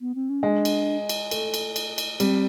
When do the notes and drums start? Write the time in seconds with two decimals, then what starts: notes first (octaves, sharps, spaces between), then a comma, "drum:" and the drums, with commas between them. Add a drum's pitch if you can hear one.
0.01 B3
0.15 C4
0.29 C#4
0.43 G#3 D4
0.65 drum: cymbal
1.09 drum: cymbal
1.31 A3, drum: cymbal
1.54 drum: cymbal
1.76 drum: cymbal
1.98 drum: cymbal
2.20 G3 C4, drum: cymbal